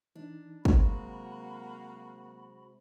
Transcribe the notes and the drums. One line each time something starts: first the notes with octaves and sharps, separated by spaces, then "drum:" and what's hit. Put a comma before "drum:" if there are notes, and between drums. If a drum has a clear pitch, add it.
E3 D4 D#4
C3 F#3 G#3 A#3 C4 F#4 B5, drum: kick